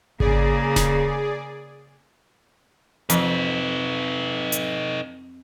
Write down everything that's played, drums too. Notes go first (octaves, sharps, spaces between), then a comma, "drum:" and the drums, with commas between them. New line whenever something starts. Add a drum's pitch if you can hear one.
C#3 A#3 G#4 D5, drum: kick G#1
drum: snare D#1
F2 D#4 B4, drum: hi-hat
drum: hi-hat